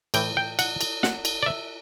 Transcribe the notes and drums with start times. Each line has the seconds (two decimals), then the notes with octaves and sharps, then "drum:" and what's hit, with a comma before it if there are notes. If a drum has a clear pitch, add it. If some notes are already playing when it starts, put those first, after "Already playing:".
0.14 A2 E3 G5, drum: cymbal
0.37 G5
0.59 F#5, drum: cymbal
0.81 drum: cymbal
1.03 F#5, drum: snare
1.25 drum: cymbal
1.43 D5
1.46 E5